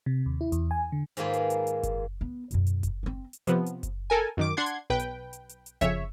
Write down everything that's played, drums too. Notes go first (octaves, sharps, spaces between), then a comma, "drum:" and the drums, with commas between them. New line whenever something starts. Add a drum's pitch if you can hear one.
C3
D#2
E4
E2, drum: hi-hat
G#5
D3
G#2 D#3 A#3 F4 G#4 B4, drum: hi-hat
drum: hi-hat
drum: hi-hat
drum: hi-hat
drum: kick F#1, hi-hat
B3
F#2 B2, drum: hi-hat
drum: hi-hat
drum: kick F#1, hi-hat
B3 C4
drum: hi-hat
C3 F3 B3, drum: hi-hat
drum: hi-hat
drum: kick F#1, hi-hat
A4 A#4 G#5
F#2 D#3 D6
D4 F#5 C6 G#6
drum: hi-hat
B1 B4 G5
drum: hi-hat
drum: hi-hat
drum: hi-hat
drum: hi-hat
F2 C#3 C#5 E5, drum: kick F#1, hi-hat